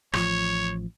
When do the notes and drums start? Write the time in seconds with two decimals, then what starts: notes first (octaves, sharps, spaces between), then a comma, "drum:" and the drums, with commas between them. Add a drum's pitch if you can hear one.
0.13 A1 F3 C#5, drum: rim click